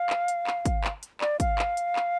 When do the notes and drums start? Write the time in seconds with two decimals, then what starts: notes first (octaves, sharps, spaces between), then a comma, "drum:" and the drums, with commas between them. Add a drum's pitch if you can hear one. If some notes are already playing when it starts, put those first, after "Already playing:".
Already playing: F5
0.10 drum: clap
0.28 drum: hi-hat
0.47 drum: clap
0.65 drum: kick, hi-hat
0.84 drum: clap
1.03 drum: hi-hat
1.21 D5, drum: clap
1.40 F5, drum: kick, hi-hat
1.59 drum: clap
1.77 drum: hi-hat
1.96 drum: clap